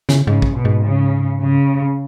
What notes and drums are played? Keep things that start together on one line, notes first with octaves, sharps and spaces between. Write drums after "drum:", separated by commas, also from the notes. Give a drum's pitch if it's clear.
C#3, drum: snare
G#2 C#3
drum: kick
B2
G#2
C#3
C#3